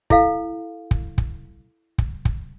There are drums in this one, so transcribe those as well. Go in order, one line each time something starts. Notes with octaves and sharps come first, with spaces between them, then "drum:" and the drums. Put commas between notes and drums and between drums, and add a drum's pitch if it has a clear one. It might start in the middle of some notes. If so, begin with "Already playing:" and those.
E4 A4 F5, drum: kick
drum: kick
drum: kick
drum: kick
drum: kick